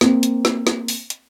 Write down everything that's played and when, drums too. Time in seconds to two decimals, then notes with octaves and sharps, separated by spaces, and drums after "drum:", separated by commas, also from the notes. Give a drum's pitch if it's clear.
0.01 A#3 C4, drum: snare
0.23 drum: hi-hat
0.45 drum: snare
0.67 drum: snare
0.88 drum: open hi-hat
1.10 drum: hi-hat